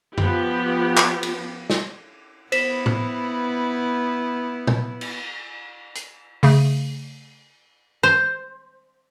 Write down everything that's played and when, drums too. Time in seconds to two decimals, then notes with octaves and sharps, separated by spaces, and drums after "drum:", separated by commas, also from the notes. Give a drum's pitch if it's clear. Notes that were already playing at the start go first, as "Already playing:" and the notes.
0.18 F3 B3 G4, drum: tom F#2
0.97 drum: clap
1.23 drum: cymbal
1.70 drum: snare
2.52 B3 E4 C5 B6 E7, drum: cymbal
2.86 drum: tom
4.67 drum: tom
5.01 drum: cymbal
5.95 drum: hi-hat
6.43 C#3 A3, drum: open hi-hat
8.03 C5